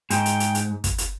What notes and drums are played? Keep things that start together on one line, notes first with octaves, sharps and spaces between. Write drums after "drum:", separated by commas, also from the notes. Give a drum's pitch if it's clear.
G#2 G5, drum: hi-hat
drum: hi-hat
drum: hi-hat
drum: hi-hat
drum: kick, hi-hat
drum: hi-hat